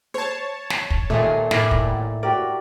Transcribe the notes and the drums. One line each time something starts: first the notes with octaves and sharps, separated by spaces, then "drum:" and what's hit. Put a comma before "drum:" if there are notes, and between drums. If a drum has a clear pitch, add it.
C5 C#5 A5
drum: snare
drum: kick
D#2 A#2 A3 G#4
A2 E4 A#4 D5, drum: snare
drum: kick
F#4 G4 A#4 D5